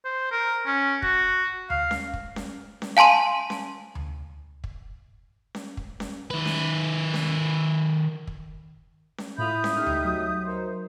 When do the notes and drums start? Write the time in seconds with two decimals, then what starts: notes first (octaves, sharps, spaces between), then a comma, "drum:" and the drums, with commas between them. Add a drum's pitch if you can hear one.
0.05 C5
0.32 A#4
0.66 C#4
1.02 F#4, drum: kick
1.70 F5, drum: tom D2
1.91 drum: snare C#4
2.13 drum: kick
2.36 drum: snare C#4
2.82 drum: snare C#4
2.97 F5 G#5 A5 C6 D#7
3.50 drum: snare C#4
3.95 drum: tom D2
4.64 drum: kick
5.55 drum: snare C#4
5.77 drum: kick
6.00 drum: snare C#4
6.30 D#3 B4
6.46 drum: snare C#4
7.14 drum: snare C#4
8.27 drum: kick
9.18 drum: snare C#4
9.38 A2 F4 E5 B5 D#6 G6
9.64 drum: snare C#4
9.76 G3 A3 D#4 F6
9.87 drum: tom D2
10.05 F#3
10.45 D#4 A#4 C5